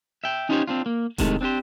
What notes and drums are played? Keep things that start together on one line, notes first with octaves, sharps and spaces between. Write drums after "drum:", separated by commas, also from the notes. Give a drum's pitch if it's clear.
E5 G5
C#4 D#4 F4 G4 C5 C#5
C4 D4 F4
A#3
A2 C3 D#3 G#3 A3, drum: kick E1, hi-hat
C4 D4 F#4 G4 C5